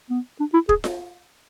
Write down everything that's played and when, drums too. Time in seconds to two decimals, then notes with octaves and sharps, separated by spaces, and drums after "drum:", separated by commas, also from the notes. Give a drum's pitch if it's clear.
0.10 B3
0.40 D4
0.54 E4
0.69 G#4, drum: kick
0.84 drum: snare F4